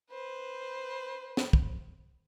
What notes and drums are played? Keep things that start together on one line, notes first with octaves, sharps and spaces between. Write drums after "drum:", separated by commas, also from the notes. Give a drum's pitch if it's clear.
B4 C5
drum: snare
drum: kick